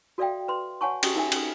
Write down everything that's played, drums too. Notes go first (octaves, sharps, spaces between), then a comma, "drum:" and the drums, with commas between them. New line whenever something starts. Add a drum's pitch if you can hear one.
F#4 A4 D5 E5 F5 G5
B4 C6
C#5 F#5 G#5 A5 C#6
C#4 F#4 G4 D#5 D#6, drum: cymbal
D#4 A#4 E5 G#5
C#4 A4, drum: cymbal